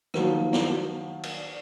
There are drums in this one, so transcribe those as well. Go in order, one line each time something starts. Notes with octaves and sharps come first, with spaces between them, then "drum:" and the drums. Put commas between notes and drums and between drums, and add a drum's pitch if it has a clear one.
D#3 F3 F#3 A#3, drum: rim click
drum: snare
drum: cymbal